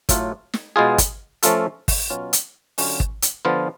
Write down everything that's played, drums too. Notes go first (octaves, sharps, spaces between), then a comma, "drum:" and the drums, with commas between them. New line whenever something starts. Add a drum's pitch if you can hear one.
A2 F#3 A3 F4, drum: kick, hi-hat
drum: snare
B2 G#3 B3 F4 G#4
drum: kick, hi-hat
F3 A3 C#4 F4 A4, drum: hi-hat
drum: kick, open hi-hat
B2 F#3 C#4 F4
drum: hi-hat
D3 F#3 C#4 F4, drum: open hi-hat
drum: kick
drum: hi-hat
D3 F3 B3 F4